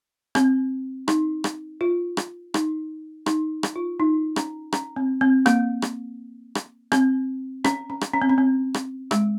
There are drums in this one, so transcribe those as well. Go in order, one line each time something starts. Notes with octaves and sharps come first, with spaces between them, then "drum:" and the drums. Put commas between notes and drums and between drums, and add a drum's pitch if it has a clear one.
C4, drum: rim click
D#4, drum: rim click
drum: rim click
F4
drum: rim click
D#4, drum: rim click
D#4, drum: rim click
drum: rim click
F4
D#4
C#4, drum: rim click
C#4, drum: rim click
C4
C4
A#3, drum: rim click
drum: rim click
drum: rim click
C4, drum: rim click
C#4, drum: rim click
C#4
drum: rim click
C#4
C4
C#4
C4
drum: rim click
G#3, drum: rim click